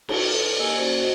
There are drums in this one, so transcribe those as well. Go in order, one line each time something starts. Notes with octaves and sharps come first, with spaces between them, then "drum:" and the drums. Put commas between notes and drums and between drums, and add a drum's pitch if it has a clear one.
F#4 B4, drum: cymbal
A4 B4
A#3 G4 A#4 D#5 G#5 E6
A#3 C#4 F#4 C5 D5
F#4 C5 D#5